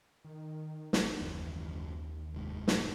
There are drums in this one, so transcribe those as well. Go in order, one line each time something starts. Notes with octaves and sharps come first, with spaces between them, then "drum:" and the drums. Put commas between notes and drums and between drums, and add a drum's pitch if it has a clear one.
D#3
A1, drum: snare
F#1 D#2 E3
F1 G#2
drum: snare